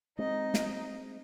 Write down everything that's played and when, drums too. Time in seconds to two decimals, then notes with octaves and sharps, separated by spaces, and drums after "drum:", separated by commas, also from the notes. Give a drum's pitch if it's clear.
0.18 G#3 C4 D#4 D#5
0.54 drum: snare